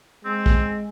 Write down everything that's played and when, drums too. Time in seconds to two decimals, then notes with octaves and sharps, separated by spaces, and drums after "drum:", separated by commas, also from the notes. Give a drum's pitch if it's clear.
0.25 G#3 C4
0.46 drum: kick A#1